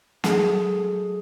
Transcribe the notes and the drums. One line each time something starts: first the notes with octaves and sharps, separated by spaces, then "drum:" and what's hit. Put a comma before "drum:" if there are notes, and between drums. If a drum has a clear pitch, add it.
F#3 G#4 A4, drum: snare